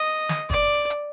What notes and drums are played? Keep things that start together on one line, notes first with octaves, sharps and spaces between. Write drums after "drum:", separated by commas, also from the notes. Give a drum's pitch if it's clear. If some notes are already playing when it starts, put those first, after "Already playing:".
Already playing: D#5
drum: snare
D5, drum: kick
drum: hi-hat